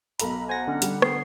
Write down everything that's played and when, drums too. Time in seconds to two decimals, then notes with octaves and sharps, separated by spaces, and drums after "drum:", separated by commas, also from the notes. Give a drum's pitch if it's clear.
0.20 B1 A4 A#5 B5, drum: hi-hat
0.49 C5 F#5 G#5 A#6
0.68 D3 C#4
0.82 G3, drum: hi-hat
1.02 B3 C7, drum: rim click